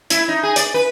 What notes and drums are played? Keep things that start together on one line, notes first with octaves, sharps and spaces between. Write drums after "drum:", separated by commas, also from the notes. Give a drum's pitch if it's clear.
E4, drum: hi-hat
D#4
G#4
D5, drum: hi-hat
B4